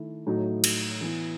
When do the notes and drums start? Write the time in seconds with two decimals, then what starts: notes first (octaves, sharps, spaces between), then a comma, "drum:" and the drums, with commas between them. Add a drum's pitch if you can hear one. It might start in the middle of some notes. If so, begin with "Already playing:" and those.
Already playing: D#3 A3 E4
0.27 A2 F#3 A3 D#4 F#4
0.64 drum: cymbal
1.01 E3 B3 E4